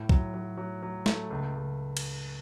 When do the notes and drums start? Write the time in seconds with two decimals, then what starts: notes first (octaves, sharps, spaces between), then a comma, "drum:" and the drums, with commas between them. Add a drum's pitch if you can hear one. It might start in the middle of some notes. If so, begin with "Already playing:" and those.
Already playing: A2
0.09 F#3, drum: kick
0.34 F#3
0.57 F#3
0.83 F#3
1.06 A3, drum: snare
1.30 C#2
1.55 C#2
1.97 drum: cymbal